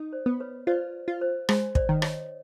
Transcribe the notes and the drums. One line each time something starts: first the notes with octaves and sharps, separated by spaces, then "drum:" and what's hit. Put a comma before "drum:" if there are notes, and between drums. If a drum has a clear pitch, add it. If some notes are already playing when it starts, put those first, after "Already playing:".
Already playing: D#4
C5 D5
B3
B4 C#5
F4 C5 D5
F4
C5
G#3 C5, drum: rim click
C5 D5, drum: kick
D#3
C#5 D#5, drum: rim click